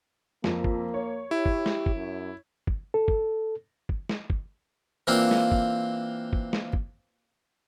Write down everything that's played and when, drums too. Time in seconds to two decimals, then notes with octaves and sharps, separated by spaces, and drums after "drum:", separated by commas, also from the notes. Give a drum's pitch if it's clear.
0.44 F2 A#3, drum: snare
0.64 drum: kick
0.94 C#5
1.31 E4 G4
1.46 drum: kick
1.66 drum: snare
1.86 drum: kick
1.96 F#2
2.67 drum: kick
2.94 A4
3.08 drum: kick
3.89 drum: kick
4.09 drum: snare
4.30 drum: kick
5.07 E3 A#3 C4 D4 F4
5.31 drum: snare
5.52 drum: kick
6.33 drum: kick
6.53 drum: snare
6.73 drum: kick